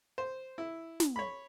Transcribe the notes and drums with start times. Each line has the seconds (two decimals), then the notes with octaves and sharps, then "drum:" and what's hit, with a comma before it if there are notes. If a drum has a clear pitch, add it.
0.18 C5
0.58 E4
1.00 drum: snare
1.16 C#5 B5